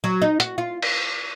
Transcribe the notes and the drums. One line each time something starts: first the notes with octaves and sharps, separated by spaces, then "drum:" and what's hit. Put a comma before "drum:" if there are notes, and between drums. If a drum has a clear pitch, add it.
F#3
D#4
F#4, drum: hi-hat
F4
drum: cymbal